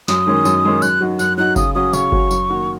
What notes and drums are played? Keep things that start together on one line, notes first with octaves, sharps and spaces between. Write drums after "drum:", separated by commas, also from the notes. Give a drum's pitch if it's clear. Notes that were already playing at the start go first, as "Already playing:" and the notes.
F#2 D#6, drum: snare
D#3 G#3 C#4
F#2, drum: tambourine
D#3 G#3 C#4
F#2 F#6, drum: tambourine
F#3 D#4 F#4
F#2 F#6, drum: tambourine
F#3 D#4 F#4 F#6
C#3 D#6, drum: kick G1, tambourine
F#3 C#4 F#4 D#6
C#3 C#6, drum: tambourine
F#3 C#4 F#4, drum: kick G1
F#2, drum: tambourine
D#3 A#3 F#4